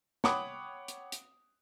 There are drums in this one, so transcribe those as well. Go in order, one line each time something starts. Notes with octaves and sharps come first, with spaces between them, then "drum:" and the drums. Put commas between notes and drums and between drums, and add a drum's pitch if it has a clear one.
C#5 F#5 G5 B5 D6 D#6, drum: snare
drum: hi-hat
drum: hi-hat